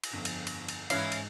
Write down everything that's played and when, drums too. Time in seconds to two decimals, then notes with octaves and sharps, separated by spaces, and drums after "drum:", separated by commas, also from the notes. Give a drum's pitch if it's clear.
0.04 drum: cymbal
0.13 G1 F2
0.25 drum: cymbal
0.47 drum: cymbal
0.68 drum: cymbal
0.90 G#2 E3 C#4 D#4 E4 F5 F#6, drum: cymbal
1.12 drum: cymbal